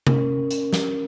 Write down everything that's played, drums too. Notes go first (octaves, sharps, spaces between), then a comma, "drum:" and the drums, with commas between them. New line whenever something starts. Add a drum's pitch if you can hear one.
C#4 A#4, drum: tom C3
drum: hi-hat
drum: snare